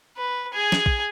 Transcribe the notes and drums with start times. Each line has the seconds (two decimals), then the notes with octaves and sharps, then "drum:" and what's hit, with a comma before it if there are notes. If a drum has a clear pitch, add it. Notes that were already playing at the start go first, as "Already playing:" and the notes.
0.17 B4
0.53 G#4 G#5
0.72 drum: snare
0.86 drum: kick A#1